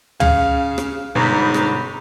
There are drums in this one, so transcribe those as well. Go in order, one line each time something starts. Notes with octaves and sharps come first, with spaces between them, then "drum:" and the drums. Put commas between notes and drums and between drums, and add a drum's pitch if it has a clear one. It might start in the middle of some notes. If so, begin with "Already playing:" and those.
C#3 F5, drum: tom
drum: rim click
G1 G#2 B2 A#5 B5
drum: rim click